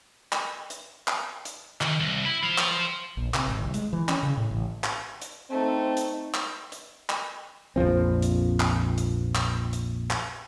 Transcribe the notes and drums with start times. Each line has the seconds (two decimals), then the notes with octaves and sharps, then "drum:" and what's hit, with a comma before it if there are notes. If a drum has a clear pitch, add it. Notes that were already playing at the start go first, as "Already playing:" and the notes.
0.33 drum: clap
0.70 drum: hi-hat
1.08 drum: clap
1.45 drum: hi-hat
1.81 D#3, drum: clap
2.00 C2
2.25 E4
2.43 C5 F5
2.58 drum: clap
3.17 A#1
3.34 C3, drum: clap
3.48 G#1
3.62 C2
3.74 G#3, drum: hi-hat
3.93 E3
4.09 C#4, drum: clap
4.23 C#3
4.37 A2
4.51 A1
4.84 drum: clap
5.22 drum: hi-hat
5.50 A3 C4 D#4
5.97 drum: hi-hat
6.34 drum: clap
6.72 drum: hi-hat
7.10 drum: clap
7.76 A#1 F2 F3 C4
8.22 drum: hi-hat
8.60 drum: clap
8.98 drum: hi-hat
9.35 drum: clap
9.73 drum: hi-hat
10.11 drum: clap